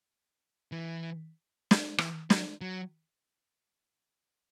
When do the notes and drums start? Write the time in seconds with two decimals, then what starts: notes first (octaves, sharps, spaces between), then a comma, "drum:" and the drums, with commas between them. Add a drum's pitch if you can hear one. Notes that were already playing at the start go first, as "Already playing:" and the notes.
0.72 E3
1.71 drum: snare
1.98 E3, drum: rim click
2.30 F#3, drum: snare
2.61 F#3